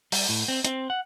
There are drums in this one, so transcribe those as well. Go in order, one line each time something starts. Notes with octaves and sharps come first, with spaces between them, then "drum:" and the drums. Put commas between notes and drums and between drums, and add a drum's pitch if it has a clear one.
G3, drum: open hi-hat
A2
C4
C4, drum: hi-hat
F#5